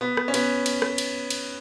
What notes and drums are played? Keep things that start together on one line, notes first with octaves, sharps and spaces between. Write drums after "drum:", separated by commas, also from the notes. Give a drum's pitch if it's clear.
B3
drum: rim click
C#4
B3, drum: cymbal
drum: cymbal
drum: rim click
drum: cymbal
drum: cymbal